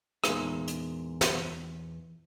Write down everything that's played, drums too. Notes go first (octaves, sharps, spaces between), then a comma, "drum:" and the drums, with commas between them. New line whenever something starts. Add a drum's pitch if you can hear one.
E2 G2 A#2 G#3 A#3 D#4, drum: rim click
drum: hi-hat
drum: snare